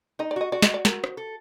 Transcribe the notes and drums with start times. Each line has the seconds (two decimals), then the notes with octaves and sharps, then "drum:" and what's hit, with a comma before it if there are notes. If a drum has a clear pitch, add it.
0.19 D#4 D#5
0.31 D5
0.36 F#4 D#5
0.52 F#4 D5
0.62 D#5, drum: snare
0.74 D5
0.85 A#4, drum: snare
1.04 drum: rim click
1.17 A4